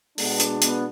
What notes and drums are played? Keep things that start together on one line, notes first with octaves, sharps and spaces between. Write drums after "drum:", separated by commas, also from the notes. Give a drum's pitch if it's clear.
B2 G#3 B3 D4, drum: open hi-hat
drum: hi-hat
B3, drum: hi-hat